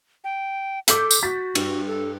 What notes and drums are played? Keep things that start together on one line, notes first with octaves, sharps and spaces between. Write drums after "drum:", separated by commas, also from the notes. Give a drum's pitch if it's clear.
G5
A4 D6 G6 B6, drum: hi-hat
drum: tambourine
F#4 A6 B6
G2, drum: cymbal
A4